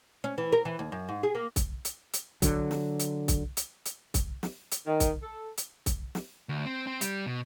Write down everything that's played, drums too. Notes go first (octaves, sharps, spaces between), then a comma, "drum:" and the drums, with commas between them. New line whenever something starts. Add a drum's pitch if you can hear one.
C#4
E3
A#4
E3
D#2
F#2
G#2
G#4
A#3
drum: kick, hi-hat
drum: hi-hat
drum: hi-hat
D3 F#3, drum: kick, hi-hat
drum: snare
drum: hi-hat
drum: kick, hi-hat
drum: hi-hat
drum: hi-hat
drum: kick, hi-hat
drum: snare
drum: hi-hat
D#3
drum: kick, hi-hat
A4
drum: hi-hat
drum: kick, hi-hat
drum: snare
D2
C4
C4
G3, drum: hi-hat
B2